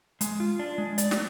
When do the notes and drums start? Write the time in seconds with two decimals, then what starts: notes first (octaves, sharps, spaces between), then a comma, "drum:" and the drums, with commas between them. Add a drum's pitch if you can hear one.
0.21 G#3, drum: hi-hat
0.40 F4
0.59 D4
0.78 G#3
0.98 D5, drum: hi-hat
1.11 drum: snare